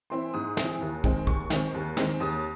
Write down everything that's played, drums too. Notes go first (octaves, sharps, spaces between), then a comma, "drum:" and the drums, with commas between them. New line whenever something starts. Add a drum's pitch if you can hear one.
E3 C4 E4 C6
G#2 D#6
E3 C4 E4, drum: snare
D#2
D#3 G#3 C4, drum: kick
D#2 C#6, drum: kick
D#3 G#3 C4, drum: snare
D#2
D#3 G#3 C4, drum: snare
D#2 D#6